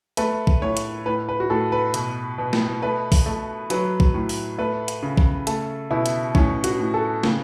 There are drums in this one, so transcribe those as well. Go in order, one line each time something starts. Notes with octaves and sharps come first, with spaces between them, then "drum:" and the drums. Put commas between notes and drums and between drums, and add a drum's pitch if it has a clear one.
A3 B4, drum: hi-hat
drum: kick B1
A2 C#5
drum: hi-hat
A2 B4
B4
F#4
A2 A4
B4
B2, drum: hi-hat
B2
drum: snare
A3 B4
drum: kick B1, open hi-hat
A3
F#3 B4, drum: hi-hat
drum: kick B1
A2
drum: open hi-hat
A3 B4
drum: hi-hat
C#3
drum: kick B1
A3 A4, drum: hi-hat
B2 E4
drum: hi-hat
A2 C#4, drum: kick B1
F#4, drum: hi-hat
A2
A4
C#3, drum: snare